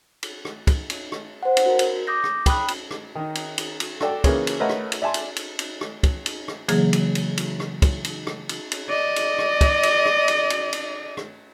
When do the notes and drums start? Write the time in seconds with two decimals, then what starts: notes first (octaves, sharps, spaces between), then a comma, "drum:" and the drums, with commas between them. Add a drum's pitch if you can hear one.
0.23 drum: cymbal
0.45 drum: rim click
0.67 drum: kick, cymbal
0.90 drum: cymbal
1.12 drum: rim click
1.43 C5 F#5
1.57 drum: cymbal
1.66 F#4 A#4
1.79 drum: cymbal
2.07 D6 D#6 G6 A#6
2.24 drum: rim click
2.46 G5 B5 D#6 F#6, drum: kick, cymbal
2.68 drum: cymbal
2.91 drum: rim click
3.15 D#3 D#4
3.35 drum: cymbal
3.58 drum: cymbal
3.80 drum: cymbal
4.00 F#4 A4 D5 G5, drum: rim click
4.24 C#3 E3 A#3 C#4 G#4 C#5, drum: kick, cymbal
4.47 drum: cymbal
4.60 A3 A#4 B4 C#5 D#5 F#5
4.69 drum: rim click
4.92 drum: cymbal
5.02 D5 E5 G#5 A5 C6
5.14 drum: cymbal
5.36 drum: cymbal
5.59 drum: cymbal
5.81 drum: rim click
6.03 drum: kick, cymbal
6.26 drum: cymbal
6.48 drum: rim click
6.68 C#3 E3 F#3 A#3 G#4, drum: cymbal
6.93 drum: cymbal
7.15 drum: cymbal
7.37 drum: cymbal
7.60 drum: rim click
7.82 drum: kick, cymbal
8.04 drum: cymbal
8.27 drum: rim click
8.49 drum: cymbal
8.72 drum: cymbal
8.88 D5 D#5
9.16 drum: cymbal
9.39 drum: rim click
9.61 drum: kick, cymbal
9.83 drum: cymbal
10.06 drum: rim click
10.28 drum: cymbal
10.50 drum: cymbal
10.73 drum: cymbal
11.17 drum: rim click